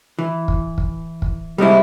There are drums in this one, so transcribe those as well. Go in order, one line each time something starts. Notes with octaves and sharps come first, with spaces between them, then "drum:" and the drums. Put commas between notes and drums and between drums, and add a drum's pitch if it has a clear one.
E3
drum: kick
drum: kick
drum: kick
G3 G#3 C4 E4